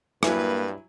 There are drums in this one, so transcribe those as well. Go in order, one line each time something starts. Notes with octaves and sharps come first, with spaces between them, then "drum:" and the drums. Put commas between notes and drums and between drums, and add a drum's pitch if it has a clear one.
G2 F#3 A#3 E4 B4 G#5, drum: rim click